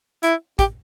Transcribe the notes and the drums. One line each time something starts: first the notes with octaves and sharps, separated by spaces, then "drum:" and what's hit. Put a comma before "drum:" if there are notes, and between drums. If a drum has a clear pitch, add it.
E4, drum: hi-hat
G4, drum: kick, hi-hat